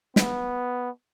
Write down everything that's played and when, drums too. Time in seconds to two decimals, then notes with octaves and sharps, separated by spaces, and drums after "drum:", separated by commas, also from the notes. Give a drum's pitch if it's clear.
0.16 B3, drum: snare